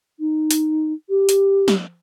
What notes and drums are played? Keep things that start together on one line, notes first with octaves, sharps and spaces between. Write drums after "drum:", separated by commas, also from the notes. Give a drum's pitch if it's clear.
D#4
drum: hi-hat
G4
drum: hi-hat
drum: snare